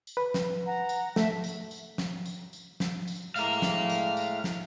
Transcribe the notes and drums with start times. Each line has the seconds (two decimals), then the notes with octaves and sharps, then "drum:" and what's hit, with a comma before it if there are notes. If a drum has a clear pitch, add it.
0.07 drum: tambourine
0.17 B4
0.34 drum: snare
0.68 F#5 A#5
0.89 drum: tambourine
1.16 A3 E5, drum: snare
1.44 drum: tambourine
1.71 drum: tambourine
1.98 drum: snare
2.26 drum: tambourine
2.53 drum: tambourine
2.80 drum: snare
3.08 drum: tambourine
3.36 A2 G#3 A3 F5 A#5, drum: tambourine
3.62 drum: snare
3.89 drum: tambourine
4.17 drum: tambourine
4.44 drum: snare